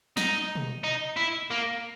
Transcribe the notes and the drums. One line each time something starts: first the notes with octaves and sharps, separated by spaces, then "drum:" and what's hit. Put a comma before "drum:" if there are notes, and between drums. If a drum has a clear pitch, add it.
D#4, drum: snare
drum: tom B2
D#4
E4
A#3